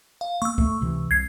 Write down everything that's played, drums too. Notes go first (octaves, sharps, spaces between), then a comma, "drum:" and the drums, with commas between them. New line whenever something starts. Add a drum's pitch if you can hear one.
F5
A#3 C#6 E6
A3, drum: kick C#2
C#2 C3 E3
C2 G#6 C7